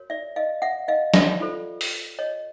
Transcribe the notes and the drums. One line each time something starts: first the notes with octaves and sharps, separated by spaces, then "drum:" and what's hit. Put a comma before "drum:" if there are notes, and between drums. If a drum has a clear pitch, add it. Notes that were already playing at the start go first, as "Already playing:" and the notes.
Already playing: F#4 A#4 C#5
D5 E5
D#5 F5
E5 F#5
D#5 F5
D5 E5, drum: snare
F4 A4 C5
drum: open hi-hat
C#5 D#5